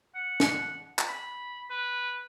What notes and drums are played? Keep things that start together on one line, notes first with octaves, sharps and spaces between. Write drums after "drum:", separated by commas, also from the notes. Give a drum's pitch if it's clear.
F#5
drum: snare
drum: clap
B5
B4